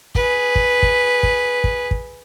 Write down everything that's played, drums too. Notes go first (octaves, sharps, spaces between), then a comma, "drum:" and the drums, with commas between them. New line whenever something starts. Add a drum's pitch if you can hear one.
G#4 B4, drum: kick
drum: kick
drum: kick
drum: kick
drum: kick
drum: kick